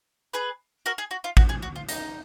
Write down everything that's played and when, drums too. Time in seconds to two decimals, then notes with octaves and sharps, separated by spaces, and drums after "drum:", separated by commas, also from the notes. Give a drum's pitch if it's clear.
0.33 G#4 B4
0.86 F#4 A#4
0.98 G#4
1.11 F#4
1.24 F4
1.37 F#4, drum: kick
1.49 G#4
1.62 F#4
1.76 F4
1.89 D#4, drum: hi-hat